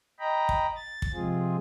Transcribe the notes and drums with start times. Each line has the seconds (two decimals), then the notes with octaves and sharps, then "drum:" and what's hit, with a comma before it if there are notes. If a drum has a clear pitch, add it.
0.19 D#5 G5 A#5 B5
0.49 drum: kick
0.75 A6
1.02 drum: kick
1.14 C3 F3 G#3 C4 F4 G#4